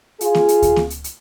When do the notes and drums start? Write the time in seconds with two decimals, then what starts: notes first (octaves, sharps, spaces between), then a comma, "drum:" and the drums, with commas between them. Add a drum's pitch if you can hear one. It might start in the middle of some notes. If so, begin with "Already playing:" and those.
0.21 F4 G#4, drum: hi-hat
0.35 drum: snare A#3
0.48 drum: hi-hat
0.62 drum: kick D2, hi-hat
0.76 drum: snare A#3
0.90 drum: hi-hat
1.04 drum: hi-hat